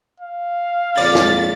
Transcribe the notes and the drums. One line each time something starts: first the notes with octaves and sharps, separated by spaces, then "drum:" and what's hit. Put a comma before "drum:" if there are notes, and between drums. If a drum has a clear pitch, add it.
F5
F2 A#2 C#3 D5 A6, drum: cymbal
drum: snare